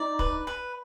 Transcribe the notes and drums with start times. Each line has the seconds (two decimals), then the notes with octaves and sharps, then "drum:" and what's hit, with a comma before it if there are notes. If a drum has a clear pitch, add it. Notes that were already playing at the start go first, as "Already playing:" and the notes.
Already playing: D#4 D5
0.19 B4, drum: kick
0.47 B4